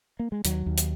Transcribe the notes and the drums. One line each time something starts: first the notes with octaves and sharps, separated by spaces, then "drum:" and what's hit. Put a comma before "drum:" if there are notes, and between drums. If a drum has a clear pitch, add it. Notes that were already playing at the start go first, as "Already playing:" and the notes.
A#3
G#3
D#2 F#3, drum: hi-hat
D#2
drum: hi-hat